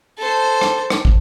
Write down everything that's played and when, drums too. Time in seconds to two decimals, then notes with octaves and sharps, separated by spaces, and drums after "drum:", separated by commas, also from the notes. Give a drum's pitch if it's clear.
0.18 A4 C5
0.61 drum: rim click
0.90 drum: rim click
1.05 drum: kick